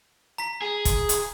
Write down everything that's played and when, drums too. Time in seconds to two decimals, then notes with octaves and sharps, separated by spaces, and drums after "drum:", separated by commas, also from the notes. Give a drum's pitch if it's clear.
0.38 A#5 B6
0.62 G#4
0.85 drum: kick, hi-hat
1.09 drum: hi-hat